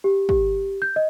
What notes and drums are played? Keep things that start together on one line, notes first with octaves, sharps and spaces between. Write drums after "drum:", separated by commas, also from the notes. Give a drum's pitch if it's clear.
G4
G4, drum: kick
G6
D#5